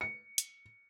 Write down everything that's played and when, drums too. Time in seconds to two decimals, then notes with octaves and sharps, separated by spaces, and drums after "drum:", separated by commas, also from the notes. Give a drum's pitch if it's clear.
0.01 C#7
0.38 drum: hi-hat